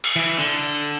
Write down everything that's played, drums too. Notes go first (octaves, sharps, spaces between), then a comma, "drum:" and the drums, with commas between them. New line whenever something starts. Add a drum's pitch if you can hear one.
drum: cymbal
E3
D3